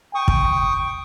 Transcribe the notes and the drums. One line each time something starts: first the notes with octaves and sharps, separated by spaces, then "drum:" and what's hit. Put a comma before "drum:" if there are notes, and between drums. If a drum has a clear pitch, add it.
G5 C#6 D#6
drum: kick